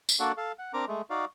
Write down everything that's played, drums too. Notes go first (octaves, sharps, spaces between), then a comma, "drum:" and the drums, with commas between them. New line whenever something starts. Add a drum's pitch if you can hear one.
drum: tambourine
A#3 D4 F#4 A4 D5 F#5
A4 F5
F#5
C4 D4 A#4 A#5 D6
G#3 A3
D#4 F#4 D5 F5